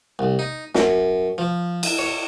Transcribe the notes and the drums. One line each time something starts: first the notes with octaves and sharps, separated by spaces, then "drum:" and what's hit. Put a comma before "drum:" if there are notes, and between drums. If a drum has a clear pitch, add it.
C2
D#4
F#2, drum: snare
F3
drum: cymbal
C#5